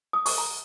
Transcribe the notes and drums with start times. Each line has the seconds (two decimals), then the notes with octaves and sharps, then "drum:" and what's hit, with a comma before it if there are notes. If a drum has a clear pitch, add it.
0.13 D#6
0.26 C#6, drum: open hi-hat
0.38 A#5